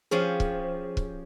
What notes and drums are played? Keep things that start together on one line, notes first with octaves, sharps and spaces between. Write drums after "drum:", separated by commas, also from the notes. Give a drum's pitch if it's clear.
F3 C#4 G4 G#4
drum: kick
drum: kick